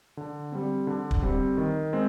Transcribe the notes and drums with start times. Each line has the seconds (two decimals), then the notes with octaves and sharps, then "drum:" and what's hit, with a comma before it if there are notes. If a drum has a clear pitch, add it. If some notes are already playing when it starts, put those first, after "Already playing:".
0.17 D3
0.52 G3 C4
0.87 D3
1.11 drum: kick
1.22 G3 C4
1.58 D#3
1.93 G#3 C4